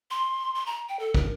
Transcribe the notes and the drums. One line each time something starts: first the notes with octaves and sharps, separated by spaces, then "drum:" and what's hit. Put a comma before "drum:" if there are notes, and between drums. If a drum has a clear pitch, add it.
C6
C6
A#5
G5
A4
A#4, drum: kick